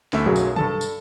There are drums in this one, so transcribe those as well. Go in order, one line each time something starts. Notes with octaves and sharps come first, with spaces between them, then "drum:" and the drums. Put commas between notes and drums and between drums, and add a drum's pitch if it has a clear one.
D2 A3 E5, drum: snare
B1 F#2 F#3 G#4
drum: tambourine
G2 A4 A5, drum: tom
drum: tambourine